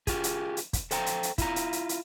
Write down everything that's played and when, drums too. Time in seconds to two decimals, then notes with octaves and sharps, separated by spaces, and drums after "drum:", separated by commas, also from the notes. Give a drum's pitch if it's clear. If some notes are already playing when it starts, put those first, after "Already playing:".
0.07 F4 G4 G#4, drum: kick, hi-hat
0.24 drum: hi-hat
0.57 drum: hi-hat
0.73 drum: kick, hi-hat
0.91 A4 C5 G5 A#5, drum: hi-hat
1.06 drum: hi-hat
1.23 drum: hi-hat
1.38 E4 F4 A#5, drum: kick, hi-hat
1.56 drum: hi-hat
1.73 drum: hi-hat
1.89 drum: hi-hat